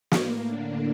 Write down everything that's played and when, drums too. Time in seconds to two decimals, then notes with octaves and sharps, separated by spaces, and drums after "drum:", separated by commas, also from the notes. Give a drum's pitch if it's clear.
0.11 A2 A#3, drum: snare
0.48 D3 D4